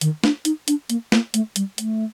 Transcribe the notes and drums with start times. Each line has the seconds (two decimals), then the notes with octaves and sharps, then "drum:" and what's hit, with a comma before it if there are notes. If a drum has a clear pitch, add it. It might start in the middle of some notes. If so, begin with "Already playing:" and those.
0.01 D#3, drum: hi-hat
0.24 D4, drum: snare
0.45 D#4, drum: hi-hat
0.68 D4, drum: hi-hat
0.90 A#3, drum: hi-hat
1.12 A#3, drum: snare
1.34 A3, drum: hi-hat
1.56 G3, drum: hi-hat
1.78 A3, drum: hi-hat